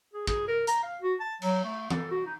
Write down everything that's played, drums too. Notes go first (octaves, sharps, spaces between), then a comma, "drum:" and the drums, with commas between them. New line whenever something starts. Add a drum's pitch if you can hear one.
G#4
G#4, drum: kick
A#4
A#5, drum: hi-hat
F5
F#4
A5
F#3, drum: cymbal
A3
A4, drum: tom E3
F#4
D#4